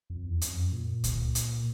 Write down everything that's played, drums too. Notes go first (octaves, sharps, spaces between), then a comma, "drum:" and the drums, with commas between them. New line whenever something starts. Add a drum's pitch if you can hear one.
F2
E2
F2, drum: hi-hat
F#2
A#2
drum: kick C#2, hi-hat
drum: hi-hat